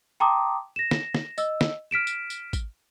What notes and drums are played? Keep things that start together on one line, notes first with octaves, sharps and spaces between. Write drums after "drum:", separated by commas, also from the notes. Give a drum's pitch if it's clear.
G5 A5 A#5 C6 D6 D#6
A#6 E7
drum: snare
drum: snare
D#5 E6, drum: tambourine
drum: snare
F6 B6 D7 E7
drum: tambourine
drum: tambourine
drum: kick G#1, tambourine